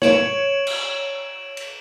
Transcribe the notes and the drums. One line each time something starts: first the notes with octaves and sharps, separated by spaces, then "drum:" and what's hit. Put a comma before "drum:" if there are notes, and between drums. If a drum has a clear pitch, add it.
C#5 D7 E7 F#7, drum: snare
drum: cymbal
drum: cymbal